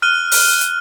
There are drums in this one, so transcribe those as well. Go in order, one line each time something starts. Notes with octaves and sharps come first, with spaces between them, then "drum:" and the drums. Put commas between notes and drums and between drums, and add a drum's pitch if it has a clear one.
F6 F#6 D#7 G7
drum: open hi-hat
drum: hi-hat